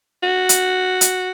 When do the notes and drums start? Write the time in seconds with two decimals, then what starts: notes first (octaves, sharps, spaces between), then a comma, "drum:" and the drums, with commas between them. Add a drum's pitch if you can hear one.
0.23 F#4
0.49 drum: hi-hat
1.01 drum: hi-hat